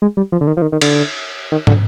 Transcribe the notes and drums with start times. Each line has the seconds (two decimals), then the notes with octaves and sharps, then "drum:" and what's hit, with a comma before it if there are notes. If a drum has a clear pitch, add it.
0.02 G#3
0.17 G3
0.32 F3
0.41 D3
0.47 D#3
0.57 F3
0.62 D#3
0.72 D#3
0.81 D3, drum: cymbal
1.52 D#3
1.67 D3, drum: tom